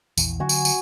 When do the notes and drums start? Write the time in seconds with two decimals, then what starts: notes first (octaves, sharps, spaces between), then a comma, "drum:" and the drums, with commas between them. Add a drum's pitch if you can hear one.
0.17 A#1 E2 E3, drum: tambourine
0.40 D3 F#3 F#4 G#5
0.49 drum: tambourine
0.65 drum: tambourine